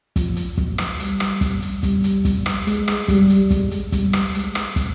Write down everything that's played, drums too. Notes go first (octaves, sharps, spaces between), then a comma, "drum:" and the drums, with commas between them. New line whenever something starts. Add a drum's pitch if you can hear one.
F3, drum: kick, hi-hat
drum: hi-hat
F#3, drum: kick
drum: rim click
G3, drum: hi-hat
drum: rim click
drum: kick, hi-hat
drum: hi-hat
G3, drum: kick, hi-hat
drum: hi-hat
drum: kick, hi-hat
drum: rim click
G#3, drum: hi-hat
drum: rim click
G3, drum: kick, hi-hat
drum: hi-hat
G#3, drum: kick, hi-hat
drum: hi-hat
G3, drum: kick, hi-hat
drum: rim click
G#3, drum: hi-hat
drum: rim click
drum: kick, hi-hat